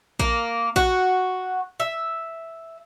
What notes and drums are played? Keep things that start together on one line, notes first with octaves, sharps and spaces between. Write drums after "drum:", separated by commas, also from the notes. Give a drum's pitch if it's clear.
A#3, drum: kick A#1
F#4, drum: kick A#1
E5